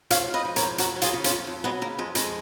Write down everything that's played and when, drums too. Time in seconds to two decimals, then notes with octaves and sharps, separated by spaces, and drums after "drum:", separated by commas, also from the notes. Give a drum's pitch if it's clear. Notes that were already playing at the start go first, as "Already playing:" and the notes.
0.10 F3 C#5 F5, drum: hi-hat
0.28 G#2
0.34 B4 D#5
0.45 F3
0.56 A#4 C#5, drum: hi-hat
0.62 G#2
0.78 F2 F#4 A#4, drum: hi-hat
0.96 F#3
1.02 F4 G#4, drum: hi-hat
1.13 C#3
1.24 C#4 F4, drum: hi-hat
1.30 F2
1.47 F2
1.64 F#3 G#3 B3
1.82 C#3 A#3
1.99 F2 G#3
2.15 F2 G#3, drum: hi-hat